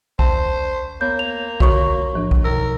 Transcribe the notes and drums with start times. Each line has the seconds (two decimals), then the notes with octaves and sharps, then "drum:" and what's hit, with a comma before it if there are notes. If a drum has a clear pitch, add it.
0.19 D#2 C5 A5, drum: kick
1.01 A#3 B3 C#5 B5 G6
1.19 F7
1.60 D3 F#4 C#5 C#6, drum: kick
2.14 A2 F3 D4
2.31 drum: kick
2.44 F2 B2 A#4 E6